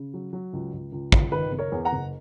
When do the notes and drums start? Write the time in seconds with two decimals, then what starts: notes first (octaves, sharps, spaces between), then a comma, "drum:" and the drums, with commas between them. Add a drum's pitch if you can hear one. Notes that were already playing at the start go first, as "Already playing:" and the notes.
Already playing: C#3
0.14 F#3
0.33 F#3
0.53 C#2
0.73 C#2
0.92 C#2
1.12 C#2, drum: kick
1.32 D#3 B4
1.52 F#1
1.59 A#4 C#5
1.72 E2
1.85 F#5 A#5
1.93 F#1